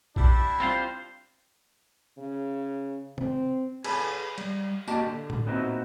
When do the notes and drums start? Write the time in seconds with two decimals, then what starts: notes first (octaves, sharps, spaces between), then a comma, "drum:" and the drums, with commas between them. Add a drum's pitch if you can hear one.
0.16 G3 D4 E4, drum: kick A#1
0.60 C4 F4 C5
2.18 C#3
3.18 C4, drum: tom
3.84 G#4 A4 B4, drum: cymbal
4.38 G3, drum: cymbal
4.87 A#3 F#4 G4 D5 D#5 A5, drum: tambourine
5.06 D3
5.30 drum: tom A2
5.46 A#2 B3 C4 D#4 F#4 E5